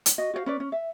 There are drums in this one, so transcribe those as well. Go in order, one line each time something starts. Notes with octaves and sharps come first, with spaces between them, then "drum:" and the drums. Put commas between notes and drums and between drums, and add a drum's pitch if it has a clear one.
drum: hi-hat
F#4 D#5
F#4 C5 D5 F5
C#4 B4 D5
C#4
E5